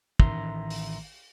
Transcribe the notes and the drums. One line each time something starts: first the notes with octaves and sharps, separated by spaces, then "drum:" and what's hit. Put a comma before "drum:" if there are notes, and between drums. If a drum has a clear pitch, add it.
A1 D#3 E5 A#5 C6 A#6, drum: kick
drum: open hi-hat